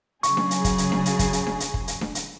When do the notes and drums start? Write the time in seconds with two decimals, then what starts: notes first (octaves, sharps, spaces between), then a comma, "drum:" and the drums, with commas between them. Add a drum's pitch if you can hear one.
0.23 C#3 F#3 G#4 C#6, drum: hi-hat
0.37 drum: snare D4
0.51 drum: hi-hat
0.64 drum: kick, hi-hat
0.78 drum: hi-hat
0.92 drum: snare D4
1.05 drum: hi-hat
1.19 drum: kick, hi-hat
1.33 drum: hi-hat
1.47 drum: snare D4
1.60 drum: hi-hat
1.74 drum: kick
1.88 drum: hi-hat
2.01 drum: snare D4
2.15 drum: hi-hat